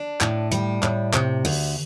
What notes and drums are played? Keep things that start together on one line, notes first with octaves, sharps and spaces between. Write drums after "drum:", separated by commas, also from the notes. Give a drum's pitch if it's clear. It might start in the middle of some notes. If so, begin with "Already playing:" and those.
Already playing: D4
A2, drum: clap
G3, drum: hi-hat
A2, drum: clap
C3, drum: clap
D2, drum: open hi-hat